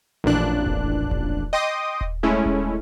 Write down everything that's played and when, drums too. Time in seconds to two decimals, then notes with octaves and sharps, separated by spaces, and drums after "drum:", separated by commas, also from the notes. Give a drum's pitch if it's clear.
0.24 A1 F2 A#2 D4 F#6
0.66 drum: kick D#1
1.11 drum: kick D#1
1.53 D#5 G5 C6 D6 D#6
2.01 drum: kick D#1
2.23 G#3 A3 C#4 E4
2.45 drum: kick D#1